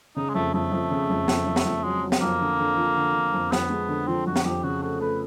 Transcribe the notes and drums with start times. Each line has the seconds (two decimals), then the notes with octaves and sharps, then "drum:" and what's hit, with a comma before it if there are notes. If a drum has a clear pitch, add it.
0.16 C#3 D#4
0.29 G#3
0.35 F2 A3
0.54 F2 A3
0.72 F2
0.91 C#3
1.10 F2
1.28 F2, drum: snare
1.46 F2
1.56 drum: snare
1.65 F2
1.84 F#3 G#3
2.02 F#3
2.12 drum: snare
2.21 F2 A#3
2.40 D3
2.59 D3
2.77 F3
2.96 D3
3.14 D3
3.33 F2
3.52 F2 B3, drum: snare
3.70 G#3
3.88 D3
4.07 F3 C4
4.27 F2 F#4
4.36 drum: snare
4.45 F2 G4
4.63 C#3 F#4
4.82 A3 F#4
5.00 A3 B4